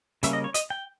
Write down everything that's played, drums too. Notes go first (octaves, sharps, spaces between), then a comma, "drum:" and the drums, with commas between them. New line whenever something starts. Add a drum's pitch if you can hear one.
C#3 G3 A#3 C#4 E5, drum: hi-hat
D#5
C#5
D#5, drum: hi-hat
G5